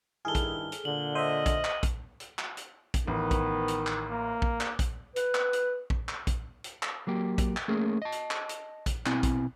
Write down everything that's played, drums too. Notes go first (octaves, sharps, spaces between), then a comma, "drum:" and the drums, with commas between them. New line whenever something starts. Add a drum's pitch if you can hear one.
G2 D#3 E4 G#4 A4 F6 G7
drum: kick A#1, hi-hat
drum: hi-hat
A#2 D3 F#7
C5 D#5 E5 D#7
drum: kick A#1, hi-hat
drum: clap
drum: kick A#1, hi-hat
drum: hi-hat
drum: clap
drum: hi-hat
drum: kick A#1, hi-hat
A1 D#3 B3
drum: kick A#1, hi-hat
drum: hi-hat
drum: clap
A#3
drum: kick A#1
drum: clap
drum: kick A#1, hi-hat
B4, drum: hi-hat
drum: clap
drum: hi-hat
drum: kick A#1
drum: clap
drum: kick A#1, hi-hat
drum: hi-hat
drum: clap
F#3 A#3 G4
drum: kick A#1, hi-hat
drum: clap
A3 A#3 C#4 G#4 A#4
D#5 A5
drum: hi-hat
drum: clap
drum: hi-hat
drum: kick A#1, hi-hat
B2 C4 E4 G#5, drum: clap
drum: kick A#1, hi-hat